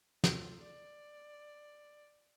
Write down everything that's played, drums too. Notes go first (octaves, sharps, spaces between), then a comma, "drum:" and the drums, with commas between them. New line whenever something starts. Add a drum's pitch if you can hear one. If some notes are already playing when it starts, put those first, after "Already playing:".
A3 F4, drum: snare
D5